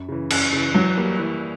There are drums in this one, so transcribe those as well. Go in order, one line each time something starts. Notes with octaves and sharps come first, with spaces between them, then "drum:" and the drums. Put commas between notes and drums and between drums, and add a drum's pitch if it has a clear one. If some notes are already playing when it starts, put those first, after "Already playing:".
Already playing: F#2
C#3 E3
F#2, drum: cymbal
C#3 E3
E3 F#3
G3 A#3
E3